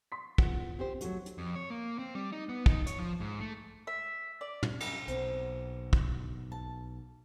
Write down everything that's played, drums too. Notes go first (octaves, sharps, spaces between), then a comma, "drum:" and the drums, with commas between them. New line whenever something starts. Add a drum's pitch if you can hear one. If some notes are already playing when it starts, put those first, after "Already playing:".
C6 B6
E2 F4 F#5, drum: kick
C4 G4 C5
D#1 F#3 A3 F#4, drum: hi-hat
drum: hi-hat
F2
C#5
A#3
C4
G3
D#4
B3
D#4, drum: kick
C#5, drum: hi-hat
F3
G#2
A3
E5
D5
drum: tom
F#2 C#3 D#5, drum: cymbal
B1 C4, drum: hi-hat
drum: kick
A5